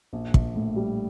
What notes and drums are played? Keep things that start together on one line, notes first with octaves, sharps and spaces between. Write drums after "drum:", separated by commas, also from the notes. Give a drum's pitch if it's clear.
A#1
A#1, drum: kick
A2
G3